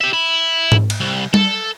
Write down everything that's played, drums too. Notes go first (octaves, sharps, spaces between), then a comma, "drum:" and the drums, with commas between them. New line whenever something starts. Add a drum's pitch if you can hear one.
G4 E5
E4
drum: tom G#2
drum: cymbal
C2
A4, drum: tom G3